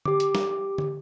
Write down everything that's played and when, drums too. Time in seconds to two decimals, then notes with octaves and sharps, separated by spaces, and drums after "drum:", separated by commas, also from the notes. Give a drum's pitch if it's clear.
0.05 G4 D6, drum: tom D3
0.20 drum: hi-hat
0.35 drum: snare
0.78 drum: tom D3